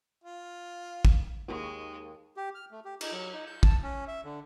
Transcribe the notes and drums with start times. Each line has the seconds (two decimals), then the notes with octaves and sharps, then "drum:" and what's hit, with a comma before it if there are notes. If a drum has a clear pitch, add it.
0.24 F4
1.05 drum: kick
1.48 D#2 G#3 A#3 C#6
2.37 G4
2.55 F6
2.71 A3
2.85 G4
3.01 D#4, drum: cymbal
3.13 F#3
3.33 D#4
3.47 G6
3.63 A5, drum: kick
3.83 C#4
4.08 E5
4.25 D3